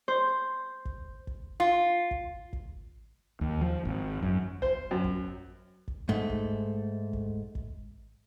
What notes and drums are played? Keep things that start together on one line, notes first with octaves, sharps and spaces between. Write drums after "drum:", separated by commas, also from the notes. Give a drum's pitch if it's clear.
C5
drum: kick
drum: kick
F4
drum: kick
drum: kick
D#2
F3
G#1
F#2
C5, drum: kick
F#2
drum: kick
drum: kick
G#2 A3
drum: kick
drum: kick
drum: kick